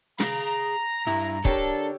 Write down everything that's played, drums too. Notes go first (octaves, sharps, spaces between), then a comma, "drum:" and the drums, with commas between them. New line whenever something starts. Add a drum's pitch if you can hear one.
G#4 F5 A#5, drum: snare
G2 E4
D3 D4 G4 A4 A#4 C#5, drum: kick